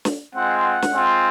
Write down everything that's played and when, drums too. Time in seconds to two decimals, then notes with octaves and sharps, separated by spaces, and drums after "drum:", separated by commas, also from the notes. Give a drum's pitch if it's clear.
0.05 drum: snare
0.35 G#3 C4 F4 F#5
0.64 F#5
0.82 drum: snare
0.92 G#3 C4 F4